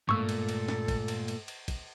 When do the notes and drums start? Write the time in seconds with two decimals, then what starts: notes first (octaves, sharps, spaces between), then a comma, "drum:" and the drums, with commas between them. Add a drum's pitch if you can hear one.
0.09 G2 A#2 G#3 A3 A4 C#6 E6, drum: tom G#2
0.29 drum: cymbal
0.49 drum: cymbal
0.68 drum: snare
0.88 drum: kick, cymbal
1.08 drum: cymbal
1.28 drum: cymbal
1.48 drum: cymbal
1.68 drum: kick, cymbal